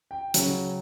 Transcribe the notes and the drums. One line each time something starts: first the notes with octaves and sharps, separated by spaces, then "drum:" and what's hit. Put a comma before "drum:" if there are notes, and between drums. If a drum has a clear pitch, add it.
G5
C#3 F#3, drum: hi-hat